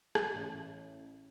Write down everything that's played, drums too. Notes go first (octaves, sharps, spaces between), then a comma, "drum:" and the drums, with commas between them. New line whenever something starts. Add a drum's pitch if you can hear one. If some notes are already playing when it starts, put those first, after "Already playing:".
drum: rim click
A1